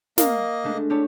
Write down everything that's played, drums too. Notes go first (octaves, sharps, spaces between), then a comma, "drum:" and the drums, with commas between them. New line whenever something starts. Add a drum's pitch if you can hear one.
A#3 A#4 D#5 F5 A#5, drum: snare
G#3 A3 D4
D4 E4 G4 C#5 A5